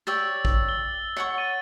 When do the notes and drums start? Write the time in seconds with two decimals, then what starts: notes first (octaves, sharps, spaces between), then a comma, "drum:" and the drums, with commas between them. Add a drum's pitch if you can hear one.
0.07 G4 C#5 D5 E6 A6
0.45 drum: kick A1
0.69 G7
1.17 C#5 F#5 C#6
1.38 A6 D#7